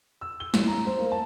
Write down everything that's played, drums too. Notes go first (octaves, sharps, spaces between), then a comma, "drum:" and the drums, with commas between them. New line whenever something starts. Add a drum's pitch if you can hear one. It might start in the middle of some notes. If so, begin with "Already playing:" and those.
E6
G7
A1, drum: snare
A#5
C5
A#3
A5